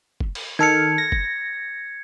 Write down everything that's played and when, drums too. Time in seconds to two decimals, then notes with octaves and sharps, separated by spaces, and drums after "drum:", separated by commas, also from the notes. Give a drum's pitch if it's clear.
0.20 drum: kick
0.35 drum: cymbal
0.59 D#3 A4 F6 G#6 C#7
0.98 A#6
1.12 drum: kick